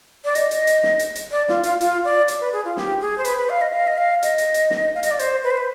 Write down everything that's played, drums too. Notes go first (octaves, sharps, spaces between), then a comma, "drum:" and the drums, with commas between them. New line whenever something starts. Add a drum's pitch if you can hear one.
D5
D#5, drum: hi-hat
drum: hi-hat
drum: hi-hat
drum: snare
drum: hi-hat
drum: hi-hat
D5
F4, drum: snare
F4, drum: hi-hat
F4, drum: hi-hat
D5
D5, drum: hi-hat
B4
G#4
F4
G4, drum: snare
G#4
C5
B4, drum: hi-hat
B4
F5
D#5
F5
D#5
F5
D#5, drum: hi-hat
drum: hi-hat
drum: hi-hat
drum: snare
F5
D#5, drum: hi-hat
D5
C5, drum: hi-hat
B4
C5
B4